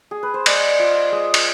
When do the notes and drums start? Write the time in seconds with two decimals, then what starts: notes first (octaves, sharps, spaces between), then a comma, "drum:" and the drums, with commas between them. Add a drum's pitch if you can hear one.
0.11 G#4
0.23 B4
0.34 C5
0.46 G#3 D5, drum: cymbal
0.79 F4
1.12 G#3 D#5
1.34 drum: cymbal